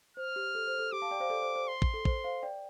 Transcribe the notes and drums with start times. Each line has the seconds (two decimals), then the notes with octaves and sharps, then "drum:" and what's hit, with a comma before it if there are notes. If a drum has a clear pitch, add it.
0.17 C5 F6
0.36 G4
0.55 A4
0.67 C5
0.79 A4
0.92 G4 D6
1.02 F5 A5
1.11 D5 G5
1.20 C5 F5
1.30 A4 D5
1.42 C5
1.55 C5
1.68 C6
1.82 drum: kick
1.94 A4
2.05 C5, drum: kick
2.24 C5 F5
2.43 D5 G5